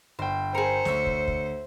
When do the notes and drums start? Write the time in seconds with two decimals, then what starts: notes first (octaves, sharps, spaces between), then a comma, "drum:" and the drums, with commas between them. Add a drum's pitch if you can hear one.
0.19 G1 C5 G5
0.55 G#4 A#4 C5 C#7
0.85 D2 C#5 E5, drum: snare
1.06 drum: kick
1.28 drum: kick